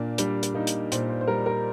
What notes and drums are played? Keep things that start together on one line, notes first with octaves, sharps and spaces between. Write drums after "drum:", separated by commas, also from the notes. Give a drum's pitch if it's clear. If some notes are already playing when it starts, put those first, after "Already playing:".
Already playing: A#2 A#3 D4
G3 D4, drum: hi-hat
drum: hi-hat
A#3 D#4
drum: hi-hat
A#2 C5, drum: hi-hat
C5
C5
G3 A#4
A#4